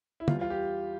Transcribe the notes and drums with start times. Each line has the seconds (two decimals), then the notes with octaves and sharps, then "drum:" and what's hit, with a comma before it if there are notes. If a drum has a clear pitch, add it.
0.20 E4
0.28 E2 E3 G3 F4, drum: tom
0.41 F4
0.50 G4